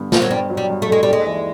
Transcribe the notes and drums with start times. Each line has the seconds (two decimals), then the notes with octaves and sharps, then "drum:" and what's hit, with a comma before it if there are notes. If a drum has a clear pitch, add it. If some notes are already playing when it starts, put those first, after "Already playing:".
Already playing: G2 D3 B3
0.12 G2 F3, drum: snare
0.22 F#3
0.31 G2 G3
0.50 F#3
0.57 G3
0.70 G2
0.82 A3
0.88 G2 G#3
1.03 G3
1.08 D#2
1.13 G#3
1.26 E3